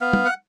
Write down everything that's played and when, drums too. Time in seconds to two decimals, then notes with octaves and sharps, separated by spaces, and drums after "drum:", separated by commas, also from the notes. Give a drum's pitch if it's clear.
0.01 B3 F5
0.13 drum: tom
0.25 F#5